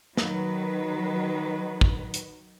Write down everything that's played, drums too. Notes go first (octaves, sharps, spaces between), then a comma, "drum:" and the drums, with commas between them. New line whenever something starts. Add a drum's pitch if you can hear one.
D#3 F#3 B4, drum: snare
drum: kick
drum: hi-hat